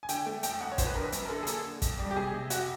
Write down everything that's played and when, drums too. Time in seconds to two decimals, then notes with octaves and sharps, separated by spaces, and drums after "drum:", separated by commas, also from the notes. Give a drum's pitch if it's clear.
0.03 G#5
0.09 D3 G5, drum: hi-hat
0.26 A3
0.43 F2 G5, drum: hi-hat
0.61 F2 F#5
0.72 C#5
0.78 F3 C5, drum: kick, hi-hat
0.86 B4
0.95 D3 A#4
1.04 B4
1.13 F#2, drum: hi-hat
1.25 A#4
1.30 D3 A4
1.43 G#4
1.47 A#3 A4, drum: hi-hat
1.64 D3
1.82 F2, drum: kick, hi-hat
1.99 G3
2.11 G4
2.16 C3 G#4
2.34 C3
2.50 F2 F#4, drum: hi-hat